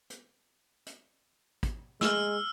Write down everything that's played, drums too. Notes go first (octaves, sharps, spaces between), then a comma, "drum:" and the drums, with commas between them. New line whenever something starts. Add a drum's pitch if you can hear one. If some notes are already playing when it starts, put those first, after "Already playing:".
drum: hi-hat
drum: hi-hat
drum: kick, hi-hat
G#3 E6 F6, drum: snare